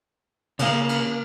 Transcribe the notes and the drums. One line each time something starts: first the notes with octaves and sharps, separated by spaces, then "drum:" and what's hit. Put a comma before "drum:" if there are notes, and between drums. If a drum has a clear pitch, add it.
C#3 A#3 F5, drum: cymbal
drum: cymbal